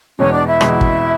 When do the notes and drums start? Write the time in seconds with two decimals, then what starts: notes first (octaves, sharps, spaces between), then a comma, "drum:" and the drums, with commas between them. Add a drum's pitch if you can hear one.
0.19 E2 B2 G#3 C#4 C#5
0.33 D4 D5
0.46 E4 E5
0.61 E2 B2 G#3, drum: rim click
0.81 drum: kick